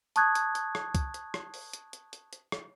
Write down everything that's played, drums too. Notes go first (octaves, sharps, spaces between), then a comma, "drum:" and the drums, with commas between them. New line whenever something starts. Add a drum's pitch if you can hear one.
A5 C#6 D#6 F#6 G#6, drum: hi-hat
drum: hi-hat
drum: hi-hat
drum: rim click
drum: kick C2, hi-hat
drum: hi-hat
drum: rim click
drum: open hi-hat
drum: hi-hat
drum: hi-hat
drum: hi-hat
drum: hi-hat
drum: rim click